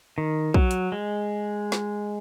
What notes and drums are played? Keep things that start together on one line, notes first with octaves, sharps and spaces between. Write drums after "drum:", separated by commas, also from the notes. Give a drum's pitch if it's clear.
D#3
F#3, drum: kick
drum: hi-hat
G#3
drum: snare